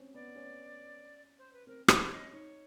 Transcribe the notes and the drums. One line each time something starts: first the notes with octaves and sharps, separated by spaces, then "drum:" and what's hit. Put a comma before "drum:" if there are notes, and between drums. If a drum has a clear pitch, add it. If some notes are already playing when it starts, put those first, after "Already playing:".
Already playing: C4 C#4
B3 D5
C#4
C5
B4
C4 A#4
C4 A4, drum: rim click
C#4 D#5
D#4 C#5